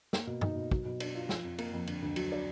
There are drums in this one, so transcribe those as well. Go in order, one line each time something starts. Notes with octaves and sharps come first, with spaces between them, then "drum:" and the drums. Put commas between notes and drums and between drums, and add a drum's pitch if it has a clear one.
A#3, drum: snare
B2
D#4, drum: tom
B2
F#3, drum: kick
B2
D4, drum: cymbal
F4
F3, drum: snare
F2
A#3, drum: cymbal
F2
D3, drum: cymbal
D2
F#3, drum: cymbal
D4